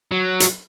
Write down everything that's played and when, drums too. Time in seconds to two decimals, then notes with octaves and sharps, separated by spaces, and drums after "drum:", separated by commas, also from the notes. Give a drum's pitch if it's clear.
0.12 F#3
0.40 drum: hi-hat